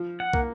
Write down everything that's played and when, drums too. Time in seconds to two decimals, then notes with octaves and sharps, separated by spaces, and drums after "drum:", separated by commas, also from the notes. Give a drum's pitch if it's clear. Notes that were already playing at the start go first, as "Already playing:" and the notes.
Already playing: F3
0.20 F#5
0.33 A#3, drum: kick